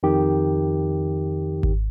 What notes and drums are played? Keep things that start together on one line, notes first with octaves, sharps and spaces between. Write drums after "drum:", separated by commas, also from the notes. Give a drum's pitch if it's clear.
F2 D#3 G4
drum: kick G#1